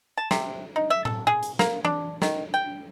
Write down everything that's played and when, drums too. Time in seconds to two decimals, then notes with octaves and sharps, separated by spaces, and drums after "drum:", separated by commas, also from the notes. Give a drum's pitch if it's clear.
0.18 A5
0.31 C3, drum: snare
0.76 D#4
0.90 E5
1.05 A4, drum: tom A2
1.27 G#4
1.43 drum: hi-hat
1.59 A#3, drum: snare
1.85 D4, drum: tom E3
2.22 D#3, drum: snare
2.54 G5